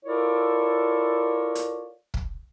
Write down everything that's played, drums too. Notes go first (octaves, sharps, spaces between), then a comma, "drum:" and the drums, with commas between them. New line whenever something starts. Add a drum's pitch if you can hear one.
E4 F4 A4 A#4 C#5 D5
drum: hi-hat
drum: kick